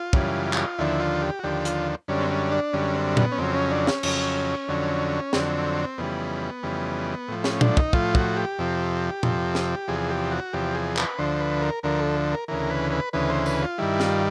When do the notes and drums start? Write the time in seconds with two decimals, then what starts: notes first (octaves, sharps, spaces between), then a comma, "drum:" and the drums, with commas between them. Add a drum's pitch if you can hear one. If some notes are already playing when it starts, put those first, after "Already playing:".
Already playing: F4
0.13 F#2 C#3 E3 G3, drum: kick
0.53 drum: clap
0.78 D#2 D3 F3 E4
1.00 F4
1.22 G4
1.39 F#4
1.43 D#2 D3 F3 G4
1.65 F4, drum: hi-hat
2.08 F#2 D3 G3 C#4
2.20 C4
2.30 C#4
2.52 D4
2.73 F#2 D3 G3 C#4
2.95 C4
3.17 B3, drum: tom
3.32 C#4
3.38 F2 C#3 F#3 C4
3.55 C#4
3.71 D4
3.87 C#4, drum: snare
4.03 F2 C#3 F#3, drum: cymbal
4.68 F2 D3 F#3
5.33 F2 D3 F#3 C4, drum: snare
5.98 F2 C#3 E3 G3 B3
6.63 F2 C#3 E3 G3
7.28 A2 F3
7.44 C#4, drum: snare
7.61 D4, drum: tom
7.77 D#4, drum: kick
7.93 A2 F3 F4, drum: kick
8.15 F#4, drum: kick
8.37 G4
8.58 F2 C3 F3
9.23 F2 C3 F3, drum: tom A#2
9.55 drum: snare
9.88 E2 C3 F3 G#4
10.10 G4
10.32 F#4
10.53 E2 C3 F3 G4
10.75 G#4
10.97 B4, drum: clap
11.18 D2 D3 F3 C5
11.40 B4
11.62 A#4
11.83 D2 D3 F3 A#4
11.99 A4
12.32 A#4
12.48 D2 C#3 E3 A#4
12.70 B4
12.92 B4
13.13 D2 C#3 E3 B4
13.30 C5
13.46 B4, drum: tambourine
13.62 F4
13.78 G2 D#3 G3 E4
14.00 F4, drum: snare